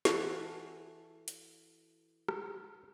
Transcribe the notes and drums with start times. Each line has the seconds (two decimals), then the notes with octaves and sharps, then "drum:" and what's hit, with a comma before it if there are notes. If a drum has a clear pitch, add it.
0.05 E3 F#4 A4, drum: snare
1.28 drum: hi-hat
2.29 drum: rim click